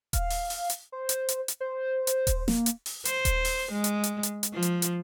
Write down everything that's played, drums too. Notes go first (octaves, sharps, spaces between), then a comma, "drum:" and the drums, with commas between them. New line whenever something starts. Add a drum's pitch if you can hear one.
F5, drum: kick D#1, hi-hat
drum: open hi-hat
drum: open hi-hat
drum: hi-hat
C5
drum: hi-hat
drum: hi-hat
drum: hi-hat
C5
drum: hi-hat
drum: kick D#1, hi-hat
A#3, drum: snare
drum: hi-hat
drum: open hi-hat
C5, drum: hi-hat
drum: kick D#1, hi-hat
drum: open hi-hat
G#3
drum: hi-hat
drum: hi-hat
drum: hi-hat
drum: hi-hat
F3
drum: hi-hat
drum: hi-hat